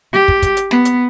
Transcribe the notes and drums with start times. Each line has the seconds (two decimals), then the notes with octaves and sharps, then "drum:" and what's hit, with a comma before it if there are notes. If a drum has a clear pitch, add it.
0.13 G4
0.28 drum: kick
0.42 drum: kick, hi-hat
0.57 drum: hi-hat
0.71 B3, drum: snare
0.85 drum: hi-hat